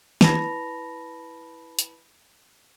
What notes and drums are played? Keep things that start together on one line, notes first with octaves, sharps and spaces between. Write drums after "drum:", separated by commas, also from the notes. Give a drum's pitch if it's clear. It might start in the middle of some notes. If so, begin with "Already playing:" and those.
E4 B4 A5 B5 A#6 F7, drum: snare
drum: hi-hat